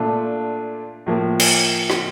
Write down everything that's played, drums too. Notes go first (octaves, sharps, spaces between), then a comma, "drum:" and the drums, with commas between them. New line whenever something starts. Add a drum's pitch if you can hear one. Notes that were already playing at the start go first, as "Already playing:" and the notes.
Already playing: A#2 A3 D4 F4
A2 F3 A#3
drum: cymbal
drum: rim click